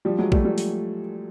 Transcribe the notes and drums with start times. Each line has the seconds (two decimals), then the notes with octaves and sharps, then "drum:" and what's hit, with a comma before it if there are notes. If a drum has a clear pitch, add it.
0.05 F3 G3
0.18 F#3 G#3
0.32 G3 A3, drum: kick
0.44 F3 G3
0.58 drum: open hi-hat